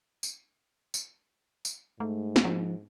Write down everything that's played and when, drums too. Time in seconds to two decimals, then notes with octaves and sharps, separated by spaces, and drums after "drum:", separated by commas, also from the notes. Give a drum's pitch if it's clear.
0.23 drum: tambourine
0.94 drum: tambourine
1.65 drum: tambourine
2.00 G#2 A3
2.36 drum: snare
2.45 F3